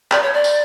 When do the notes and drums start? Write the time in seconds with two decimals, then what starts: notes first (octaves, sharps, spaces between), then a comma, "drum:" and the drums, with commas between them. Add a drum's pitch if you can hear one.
0.12 D5, drum: clap
0.23 C#5
0.33 D5
0.44 drum: tambourine